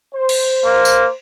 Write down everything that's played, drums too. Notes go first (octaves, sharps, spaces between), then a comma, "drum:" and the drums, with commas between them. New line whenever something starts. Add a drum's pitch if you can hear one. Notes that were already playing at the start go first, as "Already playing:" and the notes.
C5
drum: cymbal
A#3
drum: tambourine